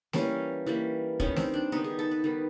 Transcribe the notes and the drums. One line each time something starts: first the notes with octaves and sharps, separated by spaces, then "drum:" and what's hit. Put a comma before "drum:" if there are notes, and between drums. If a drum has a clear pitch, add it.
E3 G3 A#3 C#4, drum: snare A3
E3 G3 A#3
D#3 G3 B3 C#4, drum: kick
C4, drum: snare A3
D4
D#3 G3 B3 D#4
G#4
A4
B4
D#3 G3 B3